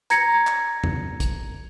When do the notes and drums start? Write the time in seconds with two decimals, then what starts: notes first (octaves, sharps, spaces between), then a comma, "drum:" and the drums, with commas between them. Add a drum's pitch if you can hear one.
0.10 A#5 G#6 A#6 C#7, drum: hi-hat
0.47 drum: clap
0.84 drum: tom E2
1.20 drum: kick, hi-hat